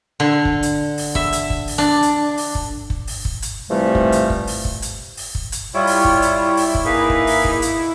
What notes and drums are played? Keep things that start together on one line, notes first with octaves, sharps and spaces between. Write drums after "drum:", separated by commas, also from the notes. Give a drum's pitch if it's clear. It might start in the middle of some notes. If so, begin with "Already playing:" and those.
D3
drum: kick
drum: hi-hat
drum: open hi-hat
E5, drum: kick
drum: hi-hat
drum: kick
drum: open hi-hat
D4
drum: hi-hat
drum: open hi-hat
drum: kick
drum: kick
drum: open hi-hat
drum: kick
drum: hi-hat
C3 E3 F3 G3 A3
drum: kick
drum: hi-hat
drum: kick
drum: open hi-hat
drum: kick
drum: hi-hat
drum: open hi-hat
drum: kick
drum: hi-hat
G3 E4 F4 C#5
drum: open hi-hat
drum: kick
drum: hi-hat
drum: open hi-hat
drum: kick
A#3 D#4 G#4 B4
drum: kick
drum: open hi-hat
drum: kick
drum: hi-hat